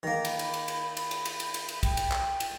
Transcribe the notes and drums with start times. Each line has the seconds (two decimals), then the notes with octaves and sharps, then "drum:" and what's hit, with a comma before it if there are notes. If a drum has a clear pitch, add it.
0.03 D#3 A#3 G#4
0.25 B5, drum: cymbal
0.39 drum: cymbal
0.54 drum: cymbal
0.68 drum: cymbal
0.97 drum: cymbal
1.11 drum: cymbal
1.25 drum: cymbal
1.40 drum: cymbal
1.54 drum: cymbal
1.69 drum: cymbal
1.83 G5, drum: kick, cymbal
1.97 drum: cymbal
2.12 drum: clap
2.40 drum: cymbal